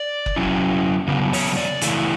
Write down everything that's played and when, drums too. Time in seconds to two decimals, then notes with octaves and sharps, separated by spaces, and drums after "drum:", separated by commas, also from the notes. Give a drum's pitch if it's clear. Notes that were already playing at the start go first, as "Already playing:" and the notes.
Already playing: D5
0.26 drum: kick F#1
0.36 F#3 C#4 E4
1.08 C#3 F#3 B3
1.33 C#5, drum: open hi-hat
1.57 D5
1.81 C#3 E3 A3 E4, drum: hi-hat